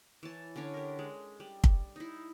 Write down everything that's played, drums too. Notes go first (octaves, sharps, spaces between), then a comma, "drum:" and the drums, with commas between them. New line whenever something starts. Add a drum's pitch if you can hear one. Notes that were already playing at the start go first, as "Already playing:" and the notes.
E3 C#5 A5
D3 C#4 D4 C#5
G4 A#4
G#3
G3
drum: kick
D#4 E4